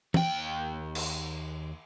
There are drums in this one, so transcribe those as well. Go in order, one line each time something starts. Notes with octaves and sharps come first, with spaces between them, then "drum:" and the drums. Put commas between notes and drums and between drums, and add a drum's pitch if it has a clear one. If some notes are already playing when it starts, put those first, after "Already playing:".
D#2 G5, drum: tom
drum: cymbal